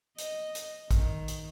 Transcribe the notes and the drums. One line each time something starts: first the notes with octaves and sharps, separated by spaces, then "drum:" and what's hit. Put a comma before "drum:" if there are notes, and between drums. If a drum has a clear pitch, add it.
D#5, drum: hi-hat
drum: hi-hat
D#3, drum: kick A1, hi-hat
drum: hi-hat